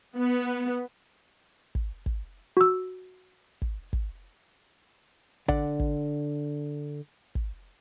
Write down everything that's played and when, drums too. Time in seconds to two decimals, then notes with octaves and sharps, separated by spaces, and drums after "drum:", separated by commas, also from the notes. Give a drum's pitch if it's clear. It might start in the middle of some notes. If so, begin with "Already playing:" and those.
0.16 B3
1.75 drum: kick
2.06 drum: kick
2.57 F#4 E6
3.62 drum: kick
3.93 drum: kick
5.48 D3 D5 F#5, drum: kick
5.80 drum: kick
7.35 drum: kick